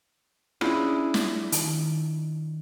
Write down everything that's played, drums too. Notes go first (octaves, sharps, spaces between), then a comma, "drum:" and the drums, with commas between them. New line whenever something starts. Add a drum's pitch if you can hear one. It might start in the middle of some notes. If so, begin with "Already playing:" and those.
C#4 D4 E4 F4 G#4, drum: rim click
drum: snare
D#3, drum: hi-hat